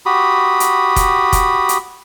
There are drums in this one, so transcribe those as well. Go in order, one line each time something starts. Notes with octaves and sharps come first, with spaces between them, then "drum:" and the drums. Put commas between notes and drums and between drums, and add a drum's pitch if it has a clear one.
F#4 G4 B5 D#6
drum: hi-hat
drum: kick F1, hi-hat
drum: kick F1, hi-hat
drum: hi-hat